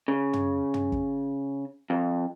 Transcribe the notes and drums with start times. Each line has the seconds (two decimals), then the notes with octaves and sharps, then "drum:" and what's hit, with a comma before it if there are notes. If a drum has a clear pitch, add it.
0.08 C#3
0.33 drum: tom
0.74 drum: tom
0.92 drum: kick
1.90 F2